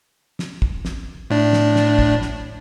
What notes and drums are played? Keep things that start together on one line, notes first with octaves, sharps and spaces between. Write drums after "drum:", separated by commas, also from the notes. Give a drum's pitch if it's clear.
drum: snare
drum: kick
drum: snare
A2 D4
drum: snare
drum: snare
drum: kick
drum: snare